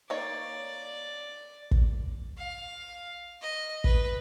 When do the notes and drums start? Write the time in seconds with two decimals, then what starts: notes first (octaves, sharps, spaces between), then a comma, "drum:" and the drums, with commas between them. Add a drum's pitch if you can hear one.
0.10 A#3 D#4 C#5 D5
1.71 drum: kick
2.38 F5
3.41 D#5
3.84 B4, drum: kick